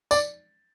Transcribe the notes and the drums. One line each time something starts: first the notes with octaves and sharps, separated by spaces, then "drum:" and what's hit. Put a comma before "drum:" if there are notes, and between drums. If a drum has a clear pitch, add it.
D5, drum: tambourine